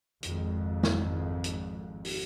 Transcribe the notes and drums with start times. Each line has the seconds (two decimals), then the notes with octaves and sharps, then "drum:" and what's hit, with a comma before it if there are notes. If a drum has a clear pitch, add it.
0.23 G#1 F2 G#2, drum: hi-hat
0.83 drum: snare
1.44 drum: hi-hat
2.05 drum: open hi-hat